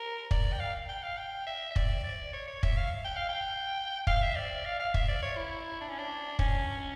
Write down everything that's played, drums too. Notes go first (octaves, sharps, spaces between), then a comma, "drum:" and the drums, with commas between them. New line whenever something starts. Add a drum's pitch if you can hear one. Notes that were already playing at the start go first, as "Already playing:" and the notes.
Already playing: A#4
D5, drum: kick
G5
F5
G5
F5
G5
E5
E5
D5, drum: kick
D5
C#5
C#5
E5, drum: kick
F5
G5
F5
G5
F5, drum: kick
E5
D5
F5
F5
E5, drum: kick
D5
C#5
E4
D4
C#4
D4
C#4, drum: kick